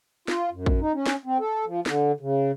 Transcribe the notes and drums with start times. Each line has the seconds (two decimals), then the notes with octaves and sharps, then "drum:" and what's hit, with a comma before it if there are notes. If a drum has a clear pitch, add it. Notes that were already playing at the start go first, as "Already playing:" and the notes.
0.28 F4, drum: snare
0.52 F#2
0.66 drum: kick
0.81 D#4
0.94 C#4
1.06 drum: snare
1.26 C4
1.40 A4
1.66 F3
1.86 D3, drum: snare
2.20 C#3